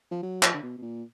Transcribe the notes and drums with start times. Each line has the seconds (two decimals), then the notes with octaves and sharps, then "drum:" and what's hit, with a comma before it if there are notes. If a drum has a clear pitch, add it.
0.11 F3
0.23 F#3
0.43 F3, drum: clap
0.54 D3
0.63 B2
0.78 B2
0.82 A#2